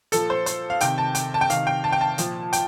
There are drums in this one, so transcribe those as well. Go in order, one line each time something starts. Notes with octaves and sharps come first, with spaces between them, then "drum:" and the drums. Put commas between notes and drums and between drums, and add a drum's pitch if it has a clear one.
A#2 F3 A4, drum: hi-hat
C5
C5, drum: hi-hat
F5
C3 D#3 G5, drum: hi-hat
A5
G5, drum: hi-hat
A5
G5
C3 D#3 F5, drum: hi-hat
G5
A5
G5
A5
A#2 F3, drum: hi-hat
G5, drum: hi-hat